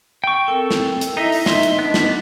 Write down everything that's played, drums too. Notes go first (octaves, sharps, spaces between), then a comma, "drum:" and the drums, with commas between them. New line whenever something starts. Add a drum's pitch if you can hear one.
G5 C#6
C4 A4 A#4 G5
drum: snare
drum: hi-hat
D#4 E4 D#5 E5
drum: open hi-hat
D#4 D#5 E5 C6, drum: snare
drum: hi-hat
B3 D4
drum: snare